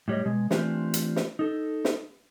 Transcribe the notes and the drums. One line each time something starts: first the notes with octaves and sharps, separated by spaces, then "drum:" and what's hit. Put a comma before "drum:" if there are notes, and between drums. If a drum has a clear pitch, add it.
A2 G3 C#5 D#5
B2 G#3
E3 A3 C4 D4 F4 G4, drum: snare
drum: hi-hat
drum: snare
D#4 A4
drum: snare